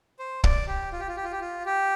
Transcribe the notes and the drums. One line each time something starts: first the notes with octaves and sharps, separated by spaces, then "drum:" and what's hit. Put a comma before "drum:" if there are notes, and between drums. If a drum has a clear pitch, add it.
C5
D5, drum: kick
G4
F4
G4
F4
G4
F4
G4
F4
G4